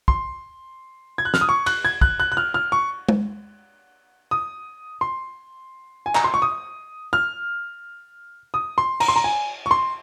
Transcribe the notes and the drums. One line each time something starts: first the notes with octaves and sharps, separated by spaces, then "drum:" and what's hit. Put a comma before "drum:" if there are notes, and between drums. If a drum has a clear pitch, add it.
C6, drum: kick
G#6
F#6
F6, drum: snare
D#6
C#6
F#6, drum: cymbal
G#6
F#6, drum: kick
F#6
F#6
F6
F6
C#6
drum: tom G#3
D#6
C6
G#5
A#5, drum: clap
C6
C#6
D#6
F6
D#6
C6
A#5, drum: cymbal
C6
A#5
G#5
C#6
C6